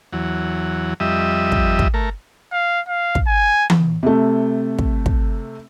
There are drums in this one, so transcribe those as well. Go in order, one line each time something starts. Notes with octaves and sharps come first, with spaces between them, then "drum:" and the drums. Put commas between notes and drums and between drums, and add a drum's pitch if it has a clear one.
E2 F#3
F2 G3 D#5 E5
drum: kick
drum: kick
A3 A#4
F5
F5
drum: kick
G#5
drum: tom E3
C3 A3
drum: kick
drum: kick